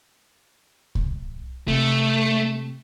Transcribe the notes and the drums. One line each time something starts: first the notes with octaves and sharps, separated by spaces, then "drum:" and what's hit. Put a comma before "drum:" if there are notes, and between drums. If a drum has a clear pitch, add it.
drum: kick C2
C3 A3